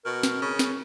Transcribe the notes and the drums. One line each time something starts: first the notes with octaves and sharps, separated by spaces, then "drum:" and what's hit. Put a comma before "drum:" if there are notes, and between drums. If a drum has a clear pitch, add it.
B2 A#4
drum: snare
C#3
drum: snare